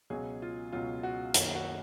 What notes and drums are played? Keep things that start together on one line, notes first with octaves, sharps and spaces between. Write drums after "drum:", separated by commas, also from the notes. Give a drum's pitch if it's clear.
C#2 B2 F#3 G#4
F4
C#2 B2 F#3 F4
F#4
F#2 D#3 A#3 C#4 F#4, drum: hi-hat
F#4